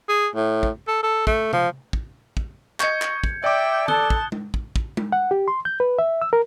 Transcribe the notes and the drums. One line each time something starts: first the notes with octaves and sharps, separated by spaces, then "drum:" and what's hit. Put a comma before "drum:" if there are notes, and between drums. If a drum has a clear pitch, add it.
G#4
A2
drum: kick
A4
A4
A3, drum: kick
F3, drum: tom C3
drum: kick
drum: kick
D#5 C#6 G6 G#6 C#7, drum: clap
drum: clap
drum: kick
D5 E5 G5 D6
A4 A5 D#6 F#6 G7, drum: tom D#3
drum: kick
drum: tom G#3
drum: kick
drum: kick
drum: tom G#3
F#5
G4
C6
G6
B4
E5
E6
A#4